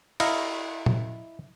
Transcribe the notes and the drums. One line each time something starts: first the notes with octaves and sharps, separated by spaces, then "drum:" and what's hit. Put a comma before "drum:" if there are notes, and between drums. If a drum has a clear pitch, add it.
E4 D#5 F5 A#5, drum: cymbal
drum: tom A#2